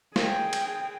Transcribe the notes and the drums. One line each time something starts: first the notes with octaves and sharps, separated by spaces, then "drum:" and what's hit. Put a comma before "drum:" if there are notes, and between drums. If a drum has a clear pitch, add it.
G#4 G5, drum: snare
drum: cymbal